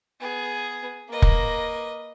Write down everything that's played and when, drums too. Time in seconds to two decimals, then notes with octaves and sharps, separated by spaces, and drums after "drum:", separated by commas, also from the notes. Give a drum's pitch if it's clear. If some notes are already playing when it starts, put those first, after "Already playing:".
0.20 B3 G#4
1.10 A#3 B4 D#5
1.22 drum: kick